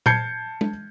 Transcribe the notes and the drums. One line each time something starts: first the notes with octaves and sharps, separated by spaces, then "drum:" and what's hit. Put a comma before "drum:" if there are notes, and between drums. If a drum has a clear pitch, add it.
A5 G6 G#6 C7 C#7, drum: tom A#2
drum: tom G#3